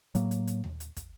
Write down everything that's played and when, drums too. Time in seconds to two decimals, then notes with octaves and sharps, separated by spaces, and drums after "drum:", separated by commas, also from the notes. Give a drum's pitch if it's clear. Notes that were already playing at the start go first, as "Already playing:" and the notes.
0.15 A2 F#3 A#3, drum: hi-hat
0.31 drum: hi-hat
0.47 drum: hi-hat
0.64 drum: tom D#2
0.80 drum: hi-hat
0.97 drum: kick, hi-hat